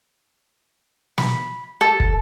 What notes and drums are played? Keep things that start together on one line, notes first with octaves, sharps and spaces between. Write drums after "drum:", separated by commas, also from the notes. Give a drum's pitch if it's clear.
B5, drum: snare
A4
drum: kick